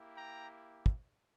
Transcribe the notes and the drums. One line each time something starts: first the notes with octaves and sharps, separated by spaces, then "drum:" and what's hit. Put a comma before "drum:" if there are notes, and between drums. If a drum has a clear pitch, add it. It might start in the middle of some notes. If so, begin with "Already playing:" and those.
Already playing: A#3 E4 G4
G5 A#5
drum: kick